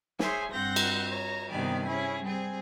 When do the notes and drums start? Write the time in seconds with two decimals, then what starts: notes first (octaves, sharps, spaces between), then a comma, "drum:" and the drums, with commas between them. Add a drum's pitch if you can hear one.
0.19 G#4 C5 C#5 E5 G#5, drum: snare
0.52 G2 C4 F#5 G6 A#6
0.76 drum: cymbal
1.08 C#5 A#5
1.50 G2 C3 D#3 B3 D5 G#5
1.85 C#4 E4 G#4
2.22 G3 C4 G#4